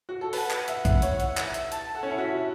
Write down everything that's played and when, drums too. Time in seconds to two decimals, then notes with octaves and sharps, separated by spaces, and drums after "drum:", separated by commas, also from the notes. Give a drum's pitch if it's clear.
0.09 F#4
0.21 A4
0.33 B4 A5, drum: open hi-hat
0.38 F#5
0.50 drum: clap
0.68 E5, drum: hi-hat
0.85 drum: kick B1, hi-hat
1.02 C#5, drum: hi-hat
1.20 drum: hi-hat
1.37 E5, drum: clap
1.54 drum: hi-hat
1.72 A5, drum: hi-hat
1.95 A4 F#5
2.03 C#4
2.10 E4
2.18 F#4 E5